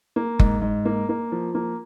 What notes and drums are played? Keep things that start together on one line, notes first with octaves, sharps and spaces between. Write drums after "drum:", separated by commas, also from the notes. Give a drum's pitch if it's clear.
A#3
G#2, drum: kick F#1
G#2
A#3
A#3
F3
A#3